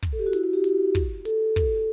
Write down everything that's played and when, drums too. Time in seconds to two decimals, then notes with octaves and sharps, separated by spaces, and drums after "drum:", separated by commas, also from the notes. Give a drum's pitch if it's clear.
0.03 drum: kick, hi-hat
0.13 A4
0.19 G4
0.26 F#4
0.33 E4, drum: hi-hat
0.43 F#4
0.53 G4
0.64 drum: hi-hat
0.95 drum: kick, open hi-hat
1.25 A4, drum: hi-hat
1.56 drum: kick, hi-hat